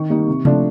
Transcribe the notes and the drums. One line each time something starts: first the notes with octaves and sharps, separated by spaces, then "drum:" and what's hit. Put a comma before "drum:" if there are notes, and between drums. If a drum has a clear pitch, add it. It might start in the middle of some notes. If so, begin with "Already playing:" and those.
Already playing: D#3 C#6
G3 A#3 D#4
C3
F3 A3 D4, drum: tom C3